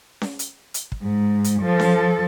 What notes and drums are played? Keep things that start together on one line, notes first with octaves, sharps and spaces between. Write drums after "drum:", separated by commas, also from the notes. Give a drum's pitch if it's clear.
drum: snare C#4
drum: hi-hat
drum: hi-hat
drum: kick
G#2
drum: hi-hat
F3 A4
drum: snare C#4